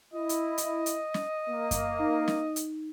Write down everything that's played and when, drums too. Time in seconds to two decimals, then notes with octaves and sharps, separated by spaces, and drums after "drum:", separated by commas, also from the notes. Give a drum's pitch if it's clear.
0.14 E4 D#5
0.29 drum: hi-hat
0.58 drum: hi-hat
0.86 drum: hi-hat
1.14 drum: snare
1.50 A#3
1.71 drum: kick F#2, hi-hat
1.99 D#4
2.28 drum: snare
2.56 drum: hi-hat